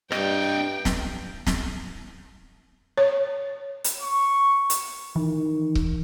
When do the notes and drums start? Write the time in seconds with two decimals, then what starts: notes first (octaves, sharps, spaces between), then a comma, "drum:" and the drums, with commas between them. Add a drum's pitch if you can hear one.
0.12 G2 D4 D#5 G5, drum: rim click
0.85 drum: snare
1.47 drum: snare
2.98 C#5
3.84 drum: hi-hat
4.02 C#6
4.70 drum: hi-hat
5.16 D#3 E3
5.75 drum: kick C#1